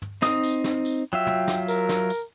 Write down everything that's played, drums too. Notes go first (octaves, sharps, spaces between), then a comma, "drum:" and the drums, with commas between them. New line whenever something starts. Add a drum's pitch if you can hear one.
drum: tom
C4 D#4 D#6, drum: snare
drum: tambourine
drum: snare
drum: tambourine
F#3 F4 E5 G5
drum: tom
drum: snare
A#4, drum: tambourine
drum: snare
drum: tambourine